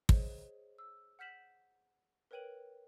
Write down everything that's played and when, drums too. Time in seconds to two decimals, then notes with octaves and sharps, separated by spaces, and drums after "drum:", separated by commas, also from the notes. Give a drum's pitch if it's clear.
0.09 G#4 C5 C#5 D#5, drum: kick
0.79 E6
1.19 F#5 F6 G6 B6 E7 F#7
2.31 A#4 B4 C#5 G5 D#7 F#7